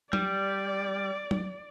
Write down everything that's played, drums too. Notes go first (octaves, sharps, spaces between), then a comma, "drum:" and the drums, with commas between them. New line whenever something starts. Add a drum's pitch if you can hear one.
G3 D5, drum: tom F#3
drum: tom F#3